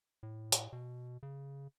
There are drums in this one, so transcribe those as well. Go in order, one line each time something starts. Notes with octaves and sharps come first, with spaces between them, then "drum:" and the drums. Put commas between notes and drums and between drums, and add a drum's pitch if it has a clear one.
A2
drum: hi-hat
B2
C#3